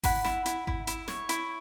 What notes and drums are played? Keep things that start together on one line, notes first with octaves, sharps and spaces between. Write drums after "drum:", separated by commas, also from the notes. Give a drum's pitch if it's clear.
E4 F#5 B5, drum: kick G#1, open hi-hat
E4, drum: snare
E4, drum: hi-hat
E4, drum: kick G#1
E4, drum: hi-hat
C#5, drum: snare
E4, drum: hi-hat